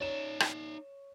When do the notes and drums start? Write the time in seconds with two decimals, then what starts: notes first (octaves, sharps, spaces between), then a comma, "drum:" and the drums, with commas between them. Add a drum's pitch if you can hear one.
0.01 D#4 C#5 D5 E7
0.40 drum: rim click